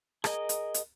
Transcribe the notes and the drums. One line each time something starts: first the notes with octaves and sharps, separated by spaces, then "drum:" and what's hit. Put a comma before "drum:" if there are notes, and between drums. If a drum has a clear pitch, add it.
G#4 A#4 D#5, drum: rim click
drum: hi-hat
drum: hi-hat